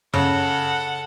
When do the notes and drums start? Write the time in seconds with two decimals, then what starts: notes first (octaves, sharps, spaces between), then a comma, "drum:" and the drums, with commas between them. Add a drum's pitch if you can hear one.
0.14 C#3 A4 F#5, drum: tom F#2